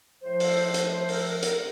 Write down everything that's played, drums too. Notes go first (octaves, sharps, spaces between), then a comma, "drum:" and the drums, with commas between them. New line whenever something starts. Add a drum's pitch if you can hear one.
A2 F3 C5
drum: open hi-hat
drum: hi-hat
C5
A#4, drum: open hi-hat
A#4
A#4, drum: hi-hat